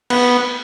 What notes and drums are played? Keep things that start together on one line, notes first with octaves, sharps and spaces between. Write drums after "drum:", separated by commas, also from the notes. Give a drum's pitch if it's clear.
B3, drum: cymbal